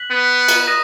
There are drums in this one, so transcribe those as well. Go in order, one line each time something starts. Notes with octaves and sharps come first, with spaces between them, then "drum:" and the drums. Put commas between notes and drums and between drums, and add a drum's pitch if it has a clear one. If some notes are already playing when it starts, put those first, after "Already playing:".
Already playing: F#6 B6 F#7
B3
drum: cymbal
D#6 F#6 A#6 D#7